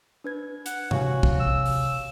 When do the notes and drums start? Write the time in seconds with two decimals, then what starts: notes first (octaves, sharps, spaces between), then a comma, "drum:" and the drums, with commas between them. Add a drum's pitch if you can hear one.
0.24 D4 B4 G#6
0.66 F#5, drum: hi-hat
0.91 C3 F#4 C#5 F5 G#5, drum: tom G#2
1.23 drum: kick
1.40 E6
1.66 drum: open hi-hat